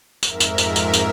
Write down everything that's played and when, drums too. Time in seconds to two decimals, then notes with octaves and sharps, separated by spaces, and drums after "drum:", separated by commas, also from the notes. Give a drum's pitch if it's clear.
0.23 F2 G#2 A#4 E5, drum: tambourine
0.40 drum: tambourine
0.58 drum: tambourine
0.76 drum: tambourine
0.94 drum: tambourine